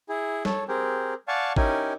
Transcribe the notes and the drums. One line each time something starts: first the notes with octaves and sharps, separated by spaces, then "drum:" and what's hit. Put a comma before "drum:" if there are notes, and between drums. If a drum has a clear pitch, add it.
E4 G#4
A4 C#5, drum: snare
C4 G4 G#4 A#4
D5 F5 F#5 G#5 A5 C#6
C#4 D#4 E4 G4 A#4 G#5, drum: kick G#1